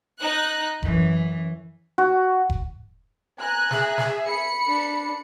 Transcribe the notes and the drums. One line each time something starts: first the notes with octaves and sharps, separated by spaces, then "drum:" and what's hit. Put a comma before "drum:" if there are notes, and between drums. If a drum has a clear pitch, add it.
D#4 F#6
F#2 E3, drum: kick F1
F#4
drum: kick F1
G#5 A#5 F#6
G#4 E5, drum: snare
drum: snare
B5 C#7
D4